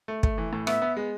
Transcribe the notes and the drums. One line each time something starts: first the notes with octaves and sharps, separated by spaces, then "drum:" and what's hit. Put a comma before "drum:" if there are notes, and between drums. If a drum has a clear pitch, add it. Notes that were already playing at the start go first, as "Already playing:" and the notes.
A3
A3, drum: kick
E3
A2
B3 E5, drum: rim click
B3
G#3